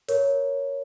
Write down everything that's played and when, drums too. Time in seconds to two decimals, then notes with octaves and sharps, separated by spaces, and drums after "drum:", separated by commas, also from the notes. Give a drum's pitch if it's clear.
0.08 A#4 C#5, drum: open hi-hat